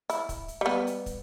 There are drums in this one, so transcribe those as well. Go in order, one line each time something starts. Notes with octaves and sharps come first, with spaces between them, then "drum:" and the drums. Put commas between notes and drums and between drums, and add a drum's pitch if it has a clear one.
E4, drum: hi-hat
drum: kick, hi-hat
drum: hi-hat
G3 B3
drum: hi-hat
drum: kick, hi-hat